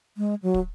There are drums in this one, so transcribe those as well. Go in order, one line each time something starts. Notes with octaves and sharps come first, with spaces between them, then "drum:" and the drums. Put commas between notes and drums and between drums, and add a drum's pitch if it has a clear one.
G#3
F#3
drum: kick